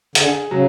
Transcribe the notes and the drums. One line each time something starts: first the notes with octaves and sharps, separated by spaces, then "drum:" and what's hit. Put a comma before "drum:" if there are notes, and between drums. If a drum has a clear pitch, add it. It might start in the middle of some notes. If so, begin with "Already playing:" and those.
D3 G#4, drum: hi-hat
C#3 F#3